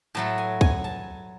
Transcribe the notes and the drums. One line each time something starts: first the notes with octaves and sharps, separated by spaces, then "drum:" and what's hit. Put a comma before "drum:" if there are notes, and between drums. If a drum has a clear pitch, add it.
A2 F#3 A3 A5
G#5
G#5, drum: kick
A5